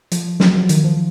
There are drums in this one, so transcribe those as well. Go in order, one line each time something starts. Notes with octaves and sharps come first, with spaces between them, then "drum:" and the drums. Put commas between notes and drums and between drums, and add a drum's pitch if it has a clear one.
F3, drum: hi-hat
F#3, drum: snare
F3
D#3, drum: hi-hat
F3